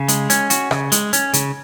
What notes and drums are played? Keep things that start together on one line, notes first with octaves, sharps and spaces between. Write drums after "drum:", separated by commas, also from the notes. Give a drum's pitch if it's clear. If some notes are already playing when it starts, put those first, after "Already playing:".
Already playing: C#3
G#3, drum: hi-hat
C#4, drum: hi-hat
F#4, drum: hi-hat
C#3, drum: rim click
G#3, drum: hi-hat
C#4, drum: hi-hat
C#3, drum: hi-hat